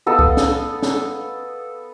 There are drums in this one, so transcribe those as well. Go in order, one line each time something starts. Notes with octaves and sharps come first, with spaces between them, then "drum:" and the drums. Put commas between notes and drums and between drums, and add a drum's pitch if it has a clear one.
B3 A4 D#5 F5
drum: kick C2
drum: snare
drum: snare